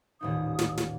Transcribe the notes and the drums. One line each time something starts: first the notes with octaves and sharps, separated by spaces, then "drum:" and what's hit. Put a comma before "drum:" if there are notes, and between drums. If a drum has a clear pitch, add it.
D#1 A1 D#4 D#6
drum: snare
drum: snare